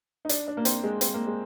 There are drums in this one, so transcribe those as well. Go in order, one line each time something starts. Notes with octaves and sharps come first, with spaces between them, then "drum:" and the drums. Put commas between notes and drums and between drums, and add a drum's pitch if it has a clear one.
D#4
D4, drum: hi-hat
D4
A#3
C4, drum: hi-hat
G#3
C4, drum: hi-hat
A#3
G#3